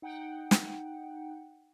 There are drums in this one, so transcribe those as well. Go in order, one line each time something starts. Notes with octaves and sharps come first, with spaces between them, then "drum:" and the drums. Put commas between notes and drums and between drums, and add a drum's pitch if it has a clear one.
D#4 F#5 G5
drum: snare